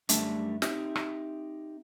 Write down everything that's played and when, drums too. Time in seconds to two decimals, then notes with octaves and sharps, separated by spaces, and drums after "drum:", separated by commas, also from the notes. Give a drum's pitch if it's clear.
0.09 F#2 G3 A3 D4 E5, drum: hi-hat
0.62 C4 D#4 G4 E5, drum: snare
0.96 drum: rim click